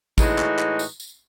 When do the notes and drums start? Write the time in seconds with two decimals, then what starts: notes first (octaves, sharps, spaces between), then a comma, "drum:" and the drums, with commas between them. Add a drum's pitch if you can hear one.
0.18 A2 E3 G#3 D#4 F#4, drum: kick, tambourine
0.38 drum: clap
0.59 drum: clap
0.79 drum: tambourine
1.00 drum: tambourine